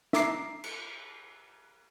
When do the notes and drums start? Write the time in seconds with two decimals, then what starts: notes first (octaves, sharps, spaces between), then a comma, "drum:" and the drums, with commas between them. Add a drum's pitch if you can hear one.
0.13 E5 A#5 D6 C7, drum: snare
0.64 drum: cymbal